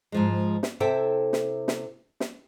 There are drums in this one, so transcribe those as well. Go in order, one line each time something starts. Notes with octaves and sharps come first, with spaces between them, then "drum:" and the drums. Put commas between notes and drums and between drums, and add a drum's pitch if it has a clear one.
G#2 F3 G#3
drum: snare
C3 E4 A4 C5 E5 G5
drum: snare
drum: snare
drum: snare